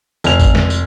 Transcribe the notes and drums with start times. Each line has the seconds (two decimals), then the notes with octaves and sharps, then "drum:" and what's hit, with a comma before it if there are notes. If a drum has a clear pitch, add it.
0.24 F1 F7, drum: tambourine
0.40 drum: kick G#1, tambourine
0.55 drum: snare
0.70 drum: tambourine